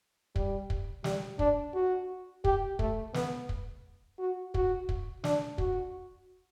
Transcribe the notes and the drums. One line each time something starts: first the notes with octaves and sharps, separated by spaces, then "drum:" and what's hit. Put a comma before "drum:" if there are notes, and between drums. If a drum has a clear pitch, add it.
G3, drum: kick
drum: kick
G3, drum: snare
D4, drum: kick
F#4
G4, drum: kick
A3, drum: kick
B3, drum: snare
drum: kick
F#4
F#4, drum: kick
drum: kick
D4, drum: snare
F#4, drum: kick